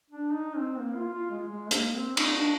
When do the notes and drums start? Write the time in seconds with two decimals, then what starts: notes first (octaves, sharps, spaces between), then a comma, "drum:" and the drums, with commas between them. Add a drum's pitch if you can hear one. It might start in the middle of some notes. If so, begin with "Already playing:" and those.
0.10 D4
0.33 D#4
0.57 C4
0.79 A#3
0.96 F4
1.13 F4
1.31 G#3
1.48 G#3
1.71 A#3, drum: hi-hat
1.95 C4
2.17 D#4, drum: cymbal
2.34 D4